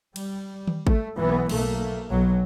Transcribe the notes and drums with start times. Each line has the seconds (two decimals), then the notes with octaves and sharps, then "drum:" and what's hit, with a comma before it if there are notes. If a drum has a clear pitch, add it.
0.16 G3, drum: cymbal
0.67 drum: tom D#3
0.87 A3, drum: kick G#1
1.17 B1 E3 B3
1.49 B1 A3 A#3, drum: cymbal
2.10 B1 F#3